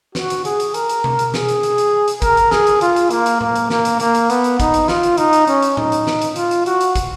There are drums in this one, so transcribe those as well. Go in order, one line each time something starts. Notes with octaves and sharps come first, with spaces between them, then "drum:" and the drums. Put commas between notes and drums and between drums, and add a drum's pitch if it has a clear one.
F#4, drum: snare
drum: hi-hat
G#4, drum: hi-hat
drum: hi-hat
A#4, drum: hi-hat
drum: hi-hat
drum: tom B2
drum: hi-hat
G#4, drum: snare
drum: hi-hat
drum: hi-hat
drum: hi-hat
drum: hi-hat
A#4, drum: kick, hi-hat
drum: hi-hat
G#4, drum: snare
drum: hi-hat
F4, drum: hi-hat
drum: hi-hat
A#3, drum: hi-hat
drum: hi-hat
A#3, drum: tom A2
drum: hi-hat
A#3, drum: snare
drum: hi-hat
A#3, drum: hi-hat
drum: hi-hat
B3, drum: hi-hat
drum: hi-hat
D#4, drum: kick, hi-hat
drum: hi-hat
F4, drum: snare
drum: hi-hat
D#4, drum: hi-hat
drum: hi-hat
C#4, drum: hi-hat
drum: hi-hat
D#4, drum: tom A2
drum: hi-hat
drum: snare
drum: hi-hat
F4, drum: hi-hat
drum: hi-hat
F#4, drum: hi-hat
drum: hi-hat
drum: kick, hi-hat